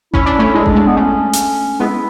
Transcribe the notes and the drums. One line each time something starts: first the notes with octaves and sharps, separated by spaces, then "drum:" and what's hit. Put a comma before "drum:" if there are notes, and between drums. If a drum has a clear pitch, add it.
C#4 E4, drum: kick G#1
D4
A3 C#4
G#3 D4
drum: kick G#1
G#3
B3
A3 C#4
drum: hi-hat
G#3 B3 E4